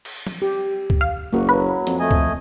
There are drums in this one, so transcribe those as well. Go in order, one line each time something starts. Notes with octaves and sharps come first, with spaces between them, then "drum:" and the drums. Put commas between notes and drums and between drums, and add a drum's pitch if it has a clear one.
drum: cymbal
drum: tom
G4
drum: kick C#2
F5
F#1 A#3 F#4
F#3 B4
F2, drum: hi-hat
A3 D#5 G#5
drum: kick C#2